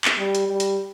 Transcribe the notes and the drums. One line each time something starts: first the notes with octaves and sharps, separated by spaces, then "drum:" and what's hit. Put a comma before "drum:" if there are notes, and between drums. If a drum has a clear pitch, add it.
drum: clap
G3
drum: hi-hat
G3
drum: hi-hat